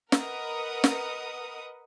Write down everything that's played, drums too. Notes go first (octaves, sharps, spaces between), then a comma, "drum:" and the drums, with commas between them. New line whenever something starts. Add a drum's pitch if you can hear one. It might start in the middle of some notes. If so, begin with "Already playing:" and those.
A#4 B4 D#5 F#5 D#6, drum: snare
drum: snare